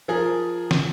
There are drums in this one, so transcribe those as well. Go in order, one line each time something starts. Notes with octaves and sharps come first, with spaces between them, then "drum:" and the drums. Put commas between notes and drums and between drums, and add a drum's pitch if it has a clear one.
F3 G#4 A#4
drum: snare